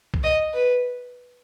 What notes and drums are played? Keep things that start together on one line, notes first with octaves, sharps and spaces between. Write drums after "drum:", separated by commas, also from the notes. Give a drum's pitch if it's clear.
drum: kick C2
D#5
B4